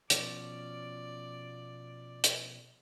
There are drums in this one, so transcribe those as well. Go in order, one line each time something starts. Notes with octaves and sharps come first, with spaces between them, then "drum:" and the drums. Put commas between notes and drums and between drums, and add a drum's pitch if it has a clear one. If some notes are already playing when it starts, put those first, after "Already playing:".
B2 F3 C#4 D5, drum: hi-hat
drum: hi-hat